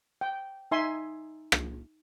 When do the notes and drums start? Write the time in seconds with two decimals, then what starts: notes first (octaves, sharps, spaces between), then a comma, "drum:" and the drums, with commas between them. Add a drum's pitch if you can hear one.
0.21 G5
0.71 D#4 E5 G#5 C6
1.52 drum: rim click